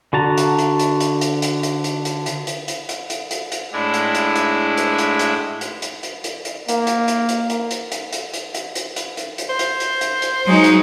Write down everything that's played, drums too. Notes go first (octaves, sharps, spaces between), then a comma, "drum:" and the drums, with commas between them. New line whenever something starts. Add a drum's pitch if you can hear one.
D3 F#4 A5 A#5
drum: hi-hat
drum: hi-hat
drum: hi-hat
drum: hi-hat
drum: hi-hat
drum: hi-hat
drum: hi-hat
drum: hi-hat
drum: hi-hat
drum: hi-hat
drum: hi-hat
drum: hi-hat
drum: hi-hat
drum: hi-hat
drum: hi-hat
drum: hi-hat
A2 G#3 D4 E4
drum: hi-hat
drum: hi-hat
drum: hi-hat
drum: hi-hat
drum: hi-hat
drum: hi-hat
drum: hi-hat
drum: hi-hat
drum: hi-hat
drum: hi-hat
drum: hi-hat
A#3, drum: hi-hat
drum: hi-hat
drum: hi-hat
drum: hi-hat
drum: hi-hat
drum: hi-hat
drum: hi-hat
drum: hi-hat
drum: hi-hat
drum: hi-hat
drum: hi-hat
drum: hi-hat
drum: hi-hat
drum: hi-hat
C5
drum: hi-hat
drum: hi-hat
drum: hi-hat
drum: hi-hat
F#3 G#3 D#4
drum: hi-hat